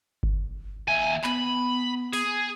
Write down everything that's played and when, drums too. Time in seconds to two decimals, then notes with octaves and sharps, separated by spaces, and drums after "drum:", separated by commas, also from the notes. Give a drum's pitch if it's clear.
0.23 drum: kick G1
0.88 D#2 E5 G#5
1.24 B3 B5, drum: clap
2.13 G#4, drum: open hi-hat